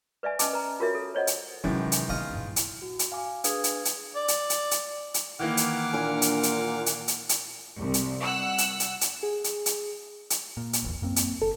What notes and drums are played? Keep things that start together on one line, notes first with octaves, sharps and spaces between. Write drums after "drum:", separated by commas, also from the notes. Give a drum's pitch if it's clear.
B4 D5 E5 G#5
C#4 B4 D#5 A5 D6, drum: hi-hat
B4 A#5
F4 F#4 A#4 C#5 E5
A4
C5 C#5 D#5 F#5
drum: hi-hat
F#2 C3 D#3 E3 G#3 C#4
drum: hi-hat
D3 B3 F4 D#5
G2 A#2
drum: hi-hat
F#4
drum: hi-hat
F5 G#5 D6
D4 G#4 B4 F5 D#6 G#6, drum: hi-hat
drum: hi-hat
drum: hi-hat
D5
drum: hi-hat
drum: hi-hat
drum: hi-hat
drum: hi-hat
D#3 E3 A#3 F#5 D6 F6
drum: hi-hat
A#2 D4 G#5
drum: hi-hat
drum: hi-hat
drum: hi-hat
drum: hi-hat
drum: hi-hat
C2
drum: hi-hat
F#5 E6 F#6
drum: hi-hat
drum: hi-hat
drum: hi-hat
G#4
drum: hi-hat
drum: hi-hat
drum: hi-hat
A#2
drum: hi-hat
D1 A#1 E2
F#2 A#3 C4
drum: hi-hat
F#1 A4